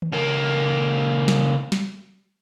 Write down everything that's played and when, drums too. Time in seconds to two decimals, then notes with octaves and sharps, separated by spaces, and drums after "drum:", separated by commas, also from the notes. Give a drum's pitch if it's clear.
0.02 drum: tom D#3
0.12 C#2 A#3
1.28 drum: snare
1.72 drum: snare